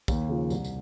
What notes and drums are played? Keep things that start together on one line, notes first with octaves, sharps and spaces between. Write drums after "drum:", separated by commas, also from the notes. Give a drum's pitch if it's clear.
D#2, drum: kick, tambourine
C#3 F3
C2, drum: tambourine
drum: tambourine